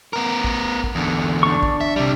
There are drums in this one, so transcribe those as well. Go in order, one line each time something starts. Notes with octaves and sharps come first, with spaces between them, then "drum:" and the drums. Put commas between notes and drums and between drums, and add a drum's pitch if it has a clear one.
B3 A#4
drum: kick
drum: kick
E2 D3
D4 C#6
drum: kick
E5
C3 G3